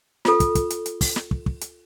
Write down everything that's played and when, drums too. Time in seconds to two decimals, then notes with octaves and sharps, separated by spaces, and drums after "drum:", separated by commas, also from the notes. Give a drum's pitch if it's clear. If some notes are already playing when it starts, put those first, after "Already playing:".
0.25 F4 A4, drum: snare
0.40 drum: kick, hi-hat
0.55 drum: kick, hi-hat
0.70 drum: hi-hat
0.86 drum: hi-hat
1.01 drum: kick, open hi-hat
1.16 drum: snare
1.31 drum: kick
1.46 drum: kick
1.61 drum: hi-hat